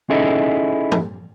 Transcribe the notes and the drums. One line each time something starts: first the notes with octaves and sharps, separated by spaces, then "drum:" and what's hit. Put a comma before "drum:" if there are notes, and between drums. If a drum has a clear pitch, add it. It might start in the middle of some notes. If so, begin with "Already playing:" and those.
C#4 D#4 E4 G#4 A4 D#5
drum: tom